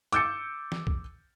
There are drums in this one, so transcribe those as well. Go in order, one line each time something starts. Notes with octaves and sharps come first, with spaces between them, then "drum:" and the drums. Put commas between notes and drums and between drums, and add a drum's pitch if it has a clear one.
D6 E6 G6 A6 C#7, drum: hi-hat
drum: snare
drum: kick B1